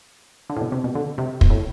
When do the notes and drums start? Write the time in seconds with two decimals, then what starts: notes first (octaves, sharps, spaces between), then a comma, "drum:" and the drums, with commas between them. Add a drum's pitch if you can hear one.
0.50 D3
0.57 A2
0.61 B2
0.72 C3
0.84 B2
0.95 D3
1.18 C3
1.41 B2, drum: kick
1.50 A2